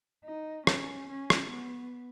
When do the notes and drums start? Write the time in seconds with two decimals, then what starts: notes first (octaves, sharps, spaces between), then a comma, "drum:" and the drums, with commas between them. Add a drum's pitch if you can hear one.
0.25 D#4
0.67 C#4, drum: rim click
1.09 C#4
1.30 drum: rim click
1.51 B3